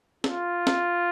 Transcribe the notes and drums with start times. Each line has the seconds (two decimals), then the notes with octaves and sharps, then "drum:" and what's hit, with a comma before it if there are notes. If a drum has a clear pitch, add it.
0.24 F4, drum: snare
0.67 drum: snare